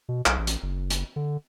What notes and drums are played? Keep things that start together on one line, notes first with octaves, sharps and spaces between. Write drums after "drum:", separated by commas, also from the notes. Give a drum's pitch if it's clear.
B2
B1, drum: clap
A1
drum: hi-hat
F#1
drum: hi-hat
D3